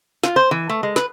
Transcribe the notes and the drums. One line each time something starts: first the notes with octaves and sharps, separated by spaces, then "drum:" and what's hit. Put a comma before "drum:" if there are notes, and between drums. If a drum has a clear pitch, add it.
F4, drum: snare
C5
E3
A3
G#3
B4, drum: snare